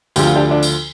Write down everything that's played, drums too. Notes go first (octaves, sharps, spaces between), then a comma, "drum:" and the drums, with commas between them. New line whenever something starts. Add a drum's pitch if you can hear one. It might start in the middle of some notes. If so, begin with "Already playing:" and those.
D2 D3 F3 G4, drum: tambourine
F4
D4 G4
D4
drum: tambourine